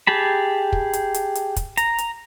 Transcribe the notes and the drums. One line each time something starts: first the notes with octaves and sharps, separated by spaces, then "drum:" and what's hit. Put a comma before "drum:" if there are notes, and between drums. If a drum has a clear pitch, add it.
G4 G#4 A5 B5
drum: kick
drum: hi-hat
drum: hi-hat
drum: hi-hat
drum: kick, hi-hat
A#5, drum: hi-hat
drum: hi-hat